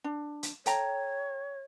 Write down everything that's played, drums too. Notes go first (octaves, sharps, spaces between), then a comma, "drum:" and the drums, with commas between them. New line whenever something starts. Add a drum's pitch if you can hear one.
D4
drum: hi-hat
A4 C#5 G5 A#5, drum: hi-hat